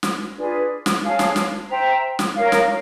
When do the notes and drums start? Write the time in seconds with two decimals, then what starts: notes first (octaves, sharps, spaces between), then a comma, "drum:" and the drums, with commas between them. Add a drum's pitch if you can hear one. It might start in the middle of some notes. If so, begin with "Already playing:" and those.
0.03 drum: snare
0.36 D4 F4 G#4 B4
0.86 drum: snare
1.02 G#4 C#5 F5 A5
1.19 drum: snare
1.36 drum: snare
1.69 C5 E5 G5 A#5
2.19 drum: snare
2.35 A#4 C#5 F5
2.52 drum: snare